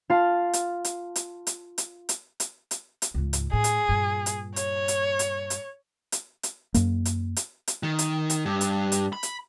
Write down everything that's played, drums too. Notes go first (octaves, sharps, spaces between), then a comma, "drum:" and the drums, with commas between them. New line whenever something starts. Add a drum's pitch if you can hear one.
F4 F5 A5
drum: hi-hat
drum: hi-hat
drum: hi-hat
drum: hi-hat
drum: hi-hat
drum: hi-hat
drum: hi-hat
drum: hi-hat
drum: hi-hat
C#2 G#2
drum: hi-hat
A2 G#4
drum: hi-hat
G2 A#2
drum: hi-hat
C#5, drum: hi-hat
drum: hi-hat
drum: hi-hat
drum: hi-hat
drum: hi-hat
drum: hi-hat
F#2 A#3, drum: hi-hat
drum: hi-hat
drum: hi-hat
drum: hi-hat
D#3
drum: hi-hat
drum: hi-hat
G2
drum: hi-hat
drum: hi-hat
B5
drum: hi-hat